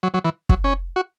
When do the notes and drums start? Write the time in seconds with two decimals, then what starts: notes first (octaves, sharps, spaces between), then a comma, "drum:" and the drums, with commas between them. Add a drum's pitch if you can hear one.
0.03 F#3
0.14 F#3
0.25 E3
0.49 F#3, drum: kick
0.64 C#4
0.96 F#4